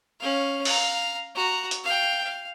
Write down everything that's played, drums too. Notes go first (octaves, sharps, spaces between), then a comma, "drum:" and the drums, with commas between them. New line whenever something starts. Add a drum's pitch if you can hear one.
C#4 F5
F5 A#5, drum: open hi-hat
F#4 A#5
drum: hi-hat
F5 G5
F5